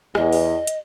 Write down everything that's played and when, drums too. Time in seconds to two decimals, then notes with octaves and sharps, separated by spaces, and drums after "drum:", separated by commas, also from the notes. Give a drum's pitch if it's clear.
0.15 E2 D#5, drum: rim click
0.32 drum: open hi-hat
0.67 drum: hi-hat